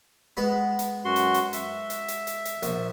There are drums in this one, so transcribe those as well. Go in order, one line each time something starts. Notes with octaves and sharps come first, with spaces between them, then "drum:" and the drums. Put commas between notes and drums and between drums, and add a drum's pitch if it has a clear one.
G#3 B3 B5
drum: hi-hat
F#2 F#4 C6
drum: hi-hat
drum: hi-hat
E5, drum: hi-hat
drum: hi-hat
drum: hi-hat
drum: hi-hat
drum: hi-hat
A#1, drum: hi-hat